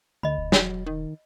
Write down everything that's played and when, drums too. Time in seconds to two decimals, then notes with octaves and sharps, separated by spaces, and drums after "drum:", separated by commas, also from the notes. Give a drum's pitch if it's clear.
0.23 D2 D3 D#5 B5
0.38 E1
0.52 F#3, drum: snare
0.87 D#3